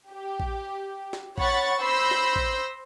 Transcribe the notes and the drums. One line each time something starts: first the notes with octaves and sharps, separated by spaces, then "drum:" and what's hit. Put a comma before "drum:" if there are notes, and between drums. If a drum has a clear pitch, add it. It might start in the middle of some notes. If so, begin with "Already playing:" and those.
G4
drum: kick
drum: snare
C#5 F#5 B5 C#6 A6, drum: kick
C5 B5 C6 E6 G6 A#6
drum: snare
drum: kick